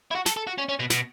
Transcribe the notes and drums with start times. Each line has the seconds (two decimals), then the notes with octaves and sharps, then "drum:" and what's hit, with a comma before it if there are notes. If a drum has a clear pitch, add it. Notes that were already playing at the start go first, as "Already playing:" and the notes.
0.11 E4
0.15 F#4
0.26 A4, drum: snare
0.37 A4
0.47 F#4
0.58 C#4
0.69 C#4
0.79 B2
0.90 B2, drum: snare